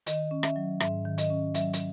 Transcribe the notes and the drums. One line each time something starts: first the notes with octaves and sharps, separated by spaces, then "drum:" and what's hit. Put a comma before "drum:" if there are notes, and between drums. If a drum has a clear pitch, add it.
D#3 D#5, drum: hi-hat
C#4
E5, drum: rim click
F#3
G#2 E5, drum: rim click
D#3
D#5, drum: hi-hat
C#4
F#3 E5, drum: hi-hat
drum: hi-hat